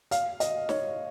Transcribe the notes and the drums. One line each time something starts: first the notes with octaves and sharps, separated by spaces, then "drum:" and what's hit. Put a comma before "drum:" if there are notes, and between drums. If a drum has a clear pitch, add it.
F5, drum: hi-hat
D#5, drum: hi-hat
C#5, drum: snare